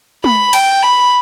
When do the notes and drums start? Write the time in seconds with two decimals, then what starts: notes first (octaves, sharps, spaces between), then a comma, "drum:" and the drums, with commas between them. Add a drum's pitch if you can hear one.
0.24 B5, drum: tom
0.53 G5, drum: cymbal
0.83 B5